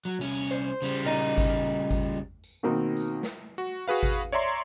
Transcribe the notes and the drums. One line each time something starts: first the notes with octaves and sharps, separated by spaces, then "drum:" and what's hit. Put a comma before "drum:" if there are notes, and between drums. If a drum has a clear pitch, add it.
F#3
C2 C#4
drum: tambourine
C5
C#3 G3, drum: tambourine
A#2 D#4
drum: kick G#1, tambourine
drum: kick G#1, tambourine
drum: tambourine
B2 D#3 A#3 C4 D#4
drum: tambourine
drum: snare
F#4
F#4 G#4 B4 F5
drum: kick G#1, tambourine
C#5 D5 E5 A#5 C6